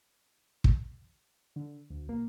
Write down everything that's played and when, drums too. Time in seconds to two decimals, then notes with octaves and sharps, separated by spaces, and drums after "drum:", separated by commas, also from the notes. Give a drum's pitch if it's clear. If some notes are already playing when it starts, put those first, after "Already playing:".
0.64 drum: kick
1.56 D3
1.90 D2
2.07 B1 A#3